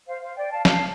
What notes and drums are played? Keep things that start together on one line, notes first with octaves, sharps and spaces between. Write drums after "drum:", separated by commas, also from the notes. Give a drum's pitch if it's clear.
C5 F5
C5 F5
D5 G5
F5 A5
F5 A5, drum: snare